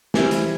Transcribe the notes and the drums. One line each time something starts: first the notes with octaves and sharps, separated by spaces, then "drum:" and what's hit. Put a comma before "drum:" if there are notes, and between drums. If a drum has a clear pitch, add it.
E3 G3 C4 E4, drum: snare
drum: hi-hat